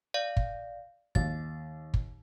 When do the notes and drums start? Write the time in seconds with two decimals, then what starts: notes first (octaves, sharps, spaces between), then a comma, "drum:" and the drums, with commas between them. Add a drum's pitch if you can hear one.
0.14 D5 F5
0.37 drum: kick
1.15 D#2 A6, drum: kick
1.94 drum: kick